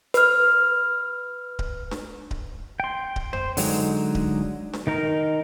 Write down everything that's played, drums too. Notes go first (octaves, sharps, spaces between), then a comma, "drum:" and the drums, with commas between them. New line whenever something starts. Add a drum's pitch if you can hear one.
B4 F6, drum: hi-hat
drum: kick D1
drum: snare D4
drum: kick D1
G5 C6
drum: kick D1
C5, drum: tom F2
D3 F#3 G#3 D#4, drum: open hi-hat
drum: kick D1
drum: snare D4
D#3 D#4 A#4